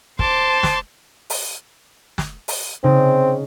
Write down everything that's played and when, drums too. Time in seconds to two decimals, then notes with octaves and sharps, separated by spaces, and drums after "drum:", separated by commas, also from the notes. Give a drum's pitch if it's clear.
0.19 C5 A5 C6 D6, drum: kick
0.63 drum: snare
1.30 drum: open hi-hat
2.18 drum: snare
2.48 drum: open hi-hat
2.84 C#3 C4 D#4